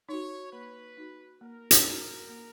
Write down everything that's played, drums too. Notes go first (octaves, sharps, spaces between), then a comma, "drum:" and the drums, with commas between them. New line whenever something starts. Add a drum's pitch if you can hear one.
D#4 F#4 C#5
A#3 B4
D#4 F#4
A#3 A#4
drum: hi-hat
D#4 F#4
A#3